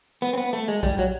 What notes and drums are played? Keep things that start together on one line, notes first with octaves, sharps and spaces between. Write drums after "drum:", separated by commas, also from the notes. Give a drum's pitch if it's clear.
B3
C4
B3
A3
G#3
G3, drum: kick A#1
F#3